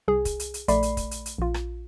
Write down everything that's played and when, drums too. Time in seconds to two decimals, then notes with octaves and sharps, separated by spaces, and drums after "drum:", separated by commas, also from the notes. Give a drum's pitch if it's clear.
0.08 C2 G#4
0.25 drum: kick, hi-hat
0.40 drum: hi-hat
0.54 drum: hi-hat
0.68 A#1 A3 D5 B5 C7, drum: hi-hat
0.83 drum: hi-hat
0.97 drum: kick, hi-hat
1.11 drum: hi-hat
1.26 drum: hi-hat
1.38 A#1 F4
1.54 drum: rim click